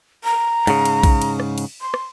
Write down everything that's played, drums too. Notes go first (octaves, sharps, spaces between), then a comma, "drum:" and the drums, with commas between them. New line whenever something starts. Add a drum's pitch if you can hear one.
A#5
G#2 C#3, drum: cymbal
drum: cymbal
drum: kick A#1, cymbal
drum: cymbal
drum: rim click
drum: cymbal
C6
drum: rim click